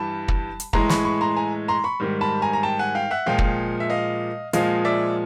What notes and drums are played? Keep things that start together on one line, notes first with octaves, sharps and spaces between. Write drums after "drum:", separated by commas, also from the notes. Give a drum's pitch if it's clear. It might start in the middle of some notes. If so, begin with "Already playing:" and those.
Already playing: G2 E3 G3 A5 B5
drum: kick
drum: hi-hat
A2 E3 G#3 A#5 C6, drum: kick
B5 C#6, drum: snare
B5 C#6
A#5 C6
G#5 A#5
A#5 C6
B5 C#6
G#2 D#3 G3
A5 B5
G#5 A#5
A#5
G5 A5
F#5 G#5
F5 G5
E5 F#5
A#2 F3 G#3 F5 G5
drum: kick
E5
D#5 F5
A#2 F3 G#3 D#5 F5, drum: hi-hat
D5 E5